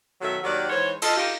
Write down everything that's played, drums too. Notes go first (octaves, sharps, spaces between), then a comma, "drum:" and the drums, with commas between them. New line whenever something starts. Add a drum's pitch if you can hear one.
B2 D#3 F#3 F#4 A4 E5
D#2 D#3 F#3 G4 D5 F#5
G#2 E3 C5 C#5
F4 A4 D#5, drum: cymbal
D#4 F4 G4